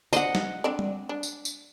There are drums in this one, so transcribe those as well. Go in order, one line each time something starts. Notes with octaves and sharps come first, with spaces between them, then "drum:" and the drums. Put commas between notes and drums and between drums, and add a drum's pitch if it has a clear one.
D4 C5 D#5 F#5, drum: tambourine
drum: snare
C4 D4 D5
drum: tom G3
D4
drum: tambourine
drum: tambourine